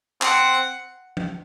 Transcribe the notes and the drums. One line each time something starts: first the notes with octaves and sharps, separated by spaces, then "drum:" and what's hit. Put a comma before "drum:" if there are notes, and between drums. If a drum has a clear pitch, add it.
C4 F#5, drum: clap
drum: tom